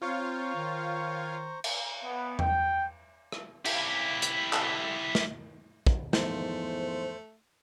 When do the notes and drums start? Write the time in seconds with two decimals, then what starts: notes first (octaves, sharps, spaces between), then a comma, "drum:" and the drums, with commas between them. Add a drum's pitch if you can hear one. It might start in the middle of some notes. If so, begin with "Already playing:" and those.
0.02 C4 F4 C5 C#5 F5 A#5 C#6
0.55 D#3
1.64 drum: cymbal
2.05 B3
2.39 G5, drum: tom E2
3.32 drum: rim click
3.65 E4 G4, drum: cymbal
4.22 drum: hi-hat
4.53 drum: clap
5.15 drum: snare
5.87 drum: kick
6.13 E2 G#2 D#3 F3 A3 C5, drum: snare